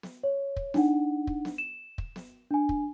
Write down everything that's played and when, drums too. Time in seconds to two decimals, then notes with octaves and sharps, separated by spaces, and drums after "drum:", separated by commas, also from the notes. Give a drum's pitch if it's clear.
0.03 drum: snare B3
0.23 C#5
0.56 drum: kick
0.74 D4 D#4 F#5, drum: snare B3
1.27 drum: kick
1.45 drum: snare B3
1.58 E7
1.98 drum: kick
2.16 drum: snare B3
2.51 D4 G#5
2.69 drum: kick